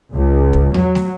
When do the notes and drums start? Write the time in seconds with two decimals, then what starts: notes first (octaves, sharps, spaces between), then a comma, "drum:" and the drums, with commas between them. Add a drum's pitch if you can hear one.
0.12 C#2
0.53 drum: kick
0.74 F#3, drum: tom E2
0.95 drum: snare